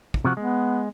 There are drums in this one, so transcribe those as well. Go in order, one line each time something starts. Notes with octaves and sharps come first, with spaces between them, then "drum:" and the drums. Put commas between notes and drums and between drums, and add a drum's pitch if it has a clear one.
drum: kick
C3 F3 F#4
G#3 B3